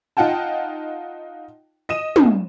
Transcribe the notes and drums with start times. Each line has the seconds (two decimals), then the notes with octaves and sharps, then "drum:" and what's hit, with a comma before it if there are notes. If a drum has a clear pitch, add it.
0.17 D#4 F4 F#5 G5 A5
1.89 D#5 D#7 E7
2.16 drum: tom